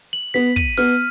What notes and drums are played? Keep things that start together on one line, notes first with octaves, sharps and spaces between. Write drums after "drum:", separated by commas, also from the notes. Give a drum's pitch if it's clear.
F#7
B3 B6
D#7, drum: kick
B3 F6